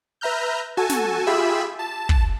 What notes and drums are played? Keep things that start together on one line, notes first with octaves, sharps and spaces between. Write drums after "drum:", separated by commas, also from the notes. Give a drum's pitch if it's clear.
B4 E5 A#5 F6 G6
F#4 A4 G#5 A5
drum: snare
F4 G4 G#4 E5 B5 E6
A5
drum: kick